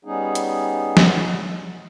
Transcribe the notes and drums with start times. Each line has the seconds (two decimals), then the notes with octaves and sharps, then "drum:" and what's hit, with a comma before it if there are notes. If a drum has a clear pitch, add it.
0.05 G3 B3 C#4 D#4 G#4
0.35 drum: hi-hat
0.97 drum: snare